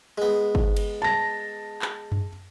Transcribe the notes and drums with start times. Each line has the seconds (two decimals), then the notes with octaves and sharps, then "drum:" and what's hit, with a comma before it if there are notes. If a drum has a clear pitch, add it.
0.18 G#3 B3
0.55 drum: kick
0.77 drum: cymbal
1.02 A5 A#6
1.82 drum: clap
2.12 drum: tom F#2